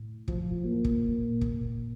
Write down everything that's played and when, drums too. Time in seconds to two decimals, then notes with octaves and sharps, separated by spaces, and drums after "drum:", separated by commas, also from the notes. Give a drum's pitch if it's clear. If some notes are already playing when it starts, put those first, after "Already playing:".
Already playing: A2
0.28 F3, drum: kick
0.65 A#3
0.84 drum: kick
1.04 A#2
1.41 drum: kick